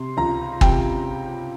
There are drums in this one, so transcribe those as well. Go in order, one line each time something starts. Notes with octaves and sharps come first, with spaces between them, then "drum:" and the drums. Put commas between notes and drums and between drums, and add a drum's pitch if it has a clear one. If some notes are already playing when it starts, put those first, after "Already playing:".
Already playing: C3 C6
C#2 A#5
C3 G5, drum: kick